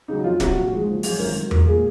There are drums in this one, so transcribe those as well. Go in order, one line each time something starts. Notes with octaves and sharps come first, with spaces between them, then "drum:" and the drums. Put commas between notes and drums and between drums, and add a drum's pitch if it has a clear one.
C#3 F#3 D#4
F2 F4
C3 F#3 F#4, drum: snare
A#1
G#2 F3 G#3
F#1
F#2 F3 G#3, drum: open hi-hat
G#1 A#4
G#2 F#3
A#1 A#4, drum: tom E2
A#2 G#3 G#4